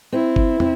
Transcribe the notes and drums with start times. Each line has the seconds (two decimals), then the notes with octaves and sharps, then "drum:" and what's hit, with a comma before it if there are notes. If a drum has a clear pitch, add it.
0.12 C4 E4
0.36 drum: kick G1
0.60 C4, drum: tom